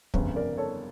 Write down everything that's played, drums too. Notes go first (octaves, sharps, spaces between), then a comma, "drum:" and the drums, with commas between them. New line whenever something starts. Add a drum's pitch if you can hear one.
G1 F2 C#3, drum: kick
A#4 D5
A4 C#5